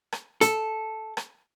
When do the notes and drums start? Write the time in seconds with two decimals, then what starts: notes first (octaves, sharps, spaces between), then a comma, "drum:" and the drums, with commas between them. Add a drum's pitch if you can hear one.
0.12 drum: rim click
0.41 A4, drum: hi-hat
1.17 drum: rim click